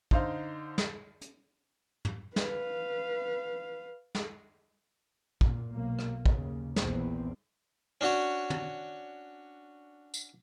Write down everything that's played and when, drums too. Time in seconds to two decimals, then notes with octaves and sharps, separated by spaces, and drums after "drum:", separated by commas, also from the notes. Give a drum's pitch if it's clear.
0.11 D3 D#4 C5 F5, drum: kick
0.78 drum: snare
1.21 drum: hi-hat
2.05 drum: tom
2.36 B4 F5, drum: snare
4.15 drum: snare
5.41 A#2, drum: kick
5.73 B1 A#3
5.99 drum: rim click
6.26 D#2 C#3, drum: kick
6.76 A#1 E2 A#3 C4, drum: snare
8.01 C#4 D4 F#4 C#5
8.50 drum: tom
10.14 drum: tambourine